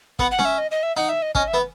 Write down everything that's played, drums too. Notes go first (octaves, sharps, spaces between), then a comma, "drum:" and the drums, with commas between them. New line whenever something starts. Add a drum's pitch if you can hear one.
B3 F#5, drum: kick
F#5
C#4, drum: snare C#4
E5
D#5
D#5
E5
D#4 F#5
E5
D#5
C#4 D#5, drum: kick
E5
B3